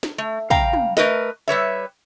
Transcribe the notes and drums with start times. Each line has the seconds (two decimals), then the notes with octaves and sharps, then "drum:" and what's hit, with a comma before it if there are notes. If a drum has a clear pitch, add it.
0.03 drum: snare
0.18 A3
0.50 C#3 F5 G5 A#5, drum: kick
0.73 drum: tom
0.97 A3 A#4 B4 D#5, drum: snare
1.48 G3 B4 C#5 E5